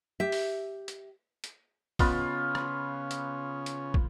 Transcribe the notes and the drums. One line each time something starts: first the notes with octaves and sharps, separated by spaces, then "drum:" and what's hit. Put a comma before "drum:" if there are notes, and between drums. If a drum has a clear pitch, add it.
G4 E5
drum: open hi-hat
drum: hi-hat
drum: hi-hat
C#3 B3 C#4 F4 B5, drum: kick, open hi-hat
drum: rim click
drum: hi-hat
drum: hi-hat
drum: kick